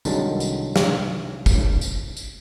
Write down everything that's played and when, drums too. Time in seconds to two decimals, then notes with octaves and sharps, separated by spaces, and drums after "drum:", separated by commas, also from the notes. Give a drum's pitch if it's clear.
0.05 C2 D3 D#3 F#3 G#3 A5, drum: tambourine
0.40 drum: tambourine
0.76 drum: snare
1.46 drum: kick, tambourine
1.81 drum: tambourine
2.17 drum: tambourine